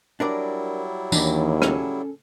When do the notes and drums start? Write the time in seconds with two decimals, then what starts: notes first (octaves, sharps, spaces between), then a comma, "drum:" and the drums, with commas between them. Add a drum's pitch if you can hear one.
0.20 F#3 G3 D4 E4 A#4 D5
1.12 D#2 E3 D4 D#4, drum: tambourine
1.62 C#4 G#4 A4, drum: rim click